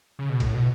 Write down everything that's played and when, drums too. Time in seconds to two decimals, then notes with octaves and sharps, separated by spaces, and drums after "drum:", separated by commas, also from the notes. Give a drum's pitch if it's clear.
0.19 C#3
0.30 B2
0.40 A2, drum: kick A1, cymbal
0.55 B2